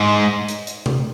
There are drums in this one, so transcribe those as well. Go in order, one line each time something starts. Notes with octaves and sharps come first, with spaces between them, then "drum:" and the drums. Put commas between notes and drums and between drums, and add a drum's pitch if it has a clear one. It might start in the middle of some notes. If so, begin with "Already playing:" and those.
Already playing: G#2
drum: hi-hat
drum: hi-hat
drum: tom C3